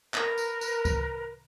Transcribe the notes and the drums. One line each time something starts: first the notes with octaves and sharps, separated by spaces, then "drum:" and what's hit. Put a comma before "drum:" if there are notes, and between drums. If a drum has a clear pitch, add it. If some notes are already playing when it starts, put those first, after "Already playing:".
A#4 B4, drum: clap
drum: tambourine
drum: tambourine
drum: kick C#2, tambourine